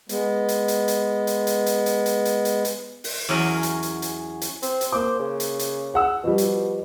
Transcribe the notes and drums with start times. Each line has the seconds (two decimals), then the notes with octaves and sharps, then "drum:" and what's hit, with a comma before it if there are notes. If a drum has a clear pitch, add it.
0.09 G#3 B3, drum: hi-hat
0.49 drum: hi-hat
0.68 drum: hi-hat
0.88 drum: hi-hat
1.27 drum: hi-hat
1.47 drum: hi-hat
1.66 drum: hi-hat
1.86 drum: hi-hat
2.06 drum: hi-hat
2.25 drum: hi-hat
2.45 drum: hi-hat
2.65 drum: hi-hat
3.04 drum: open hi-hat
3.29 E2 F#3 C#4 A#4
3.63 drum: hi-hat
3.83 drum: hi-hat
4.02 drum: hi-hat
4.42 drum: hi-hat
4.63 C4, drum: hi-hat
4.81 drum: hi-hat
4.92 A#3 C5 D6
5.19 C#3
5.40 drum: hi-hat
5.59 drum: hi-hat
5.94 G#4 F#5 E6
6.24 B2 F3 G3
6.38 drum: hi-hat